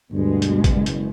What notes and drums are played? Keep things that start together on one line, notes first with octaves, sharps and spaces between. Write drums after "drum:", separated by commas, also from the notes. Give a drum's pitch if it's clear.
D2 G2 B2 G#3
drum: hi-hat
F#1, drum: kick, hi-hat
drum: hi-hat